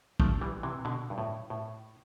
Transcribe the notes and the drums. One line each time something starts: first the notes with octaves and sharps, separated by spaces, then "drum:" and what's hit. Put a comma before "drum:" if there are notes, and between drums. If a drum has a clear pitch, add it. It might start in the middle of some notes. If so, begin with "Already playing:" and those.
F3 A3, drum: kick
E3 G3
C3 E3
B2 D3
G2
A2
A2